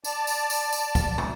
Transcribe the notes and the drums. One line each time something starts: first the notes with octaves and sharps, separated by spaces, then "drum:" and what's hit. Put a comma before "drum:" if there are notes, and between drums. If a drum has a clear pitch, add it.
D5 A5, drum: tambourine
drum: tambourine
drum: tambourine
drum: tambourine
drum: kick, tambourine
drum: tom